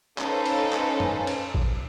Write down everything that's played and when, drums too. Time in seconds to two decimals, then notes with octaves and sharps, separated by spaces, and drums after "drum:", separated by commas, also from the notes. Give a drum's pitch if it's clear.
0.18 C#4 D#4 A4 B4 C5 F5, drum: clap
0.46 drum: cymbal
0.73 drum: clap
1.00 drum: tom
1.27 drum: cymbal
1.55 drum: kick A1